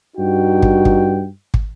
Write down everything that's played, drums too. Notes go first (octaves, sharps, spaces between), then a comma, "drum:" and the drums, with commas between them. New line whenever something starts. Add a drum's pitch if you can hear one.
G2 D#4 F#4 G5
drum: kick
drum: kick
drum: kick